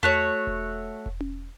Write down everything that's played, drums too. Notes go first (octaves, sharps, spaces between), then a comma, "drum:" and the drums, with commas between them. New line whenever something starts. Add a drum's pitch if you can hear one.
A3 F#4 C#5, drum: tom E2
drum: kick E1
drum: kick E1
drum: tom C#4